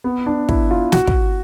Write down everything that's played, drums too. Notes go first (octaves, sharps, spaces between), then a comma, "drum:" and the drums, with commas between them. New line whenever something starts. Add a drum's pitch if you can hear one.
B3
D4
E4, drum: kick
F4
F#4, drum: snare
drum: kick